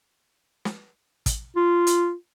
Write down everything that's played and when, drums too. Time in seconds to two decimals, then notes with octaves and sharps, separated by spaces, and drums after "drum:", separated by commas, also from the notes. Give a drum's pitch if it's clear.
0.65 drum: snare
1.26 drum: kick, hi-hat
1.56 F4
1.87 drum: hi-hat